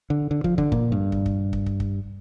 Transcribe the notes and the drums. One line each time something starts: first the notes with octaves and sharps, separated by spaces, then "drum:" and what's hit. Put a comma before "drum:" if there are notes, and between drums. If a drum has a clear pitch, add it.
D3
D3
F3, drum: kick
D3, drum: kick
A#2, drum: kick
G2
drum: kick
drum: kick
drum: kick
drum: kick
drum: kick